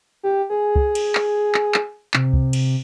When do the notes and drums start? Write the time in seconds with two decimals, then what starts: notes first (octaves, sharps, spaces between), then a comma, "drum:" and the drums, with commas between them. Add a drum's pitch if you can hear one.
0.23 G4
0.50 G#4
0.76 drum: kick
0.95 drum: cymbal
1.15 drum: clap
1.55 drum: clap
1.74 drum: clap
2.14 C3, drum: clap
2.33 drum: kick
2.53 drum: cymbal